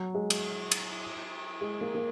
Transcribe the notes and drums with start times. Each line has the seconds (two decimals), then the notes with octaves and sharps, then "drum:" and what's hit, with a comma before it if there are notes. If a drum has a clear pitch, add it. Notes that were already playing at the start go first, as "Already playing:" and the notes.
Already playing: F#3
0.15 G#3
0.30 drum: cymbal
0.71 drum: cymbal
1.61 G#3
1.81 A#3
1.95 A#3